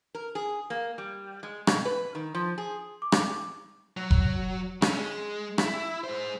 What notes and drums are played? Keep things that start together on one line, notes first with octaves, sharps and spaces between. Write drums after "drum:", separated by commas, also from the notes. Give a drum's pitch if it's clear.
A#4
G#4
A#3
G3
G#3
B2, drum: rim click
B4
D#3
F3
G#4
D6
drum: rim click
F#3
drum: kick F1
D3 C#4, drum: rim click
G#3
E4, drum: rim click
G#3 C5